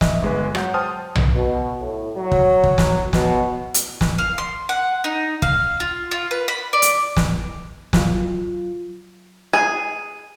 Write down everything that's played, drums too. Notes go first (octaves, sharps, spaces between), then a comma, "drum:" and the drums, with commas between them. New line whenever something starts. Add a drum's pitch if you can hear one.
D#5 E5, drum: snare
G1 G#3 B4
F#3 F#5 G6, drum: rim click
C5 G5 A5 C6 D#6 F6
drum: tom B1
B2
A2
F#3
drum: kick
drum: kick
drum: snare
B2, drum: snare
drum: hi-hat
drum: snare
F5
C6
F#5
D#4
F5, drum: kick
F4
F4
B4
B5
D5
drum: hi-hat
drum: snare
F#3 F4, drum: snare
G#4